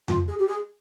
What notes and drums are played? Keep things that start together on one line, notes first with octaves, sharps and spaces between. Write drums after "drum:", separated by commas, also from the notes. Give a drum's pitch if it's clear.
F4, drum: tom F2
G#4
G4
G#4